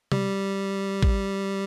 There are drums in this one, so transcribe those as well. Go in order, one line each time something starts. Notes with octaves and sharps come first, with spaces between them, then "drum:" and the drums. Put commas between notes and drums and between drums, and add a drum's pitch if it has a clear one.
G3, drum: tom C3
drum: kick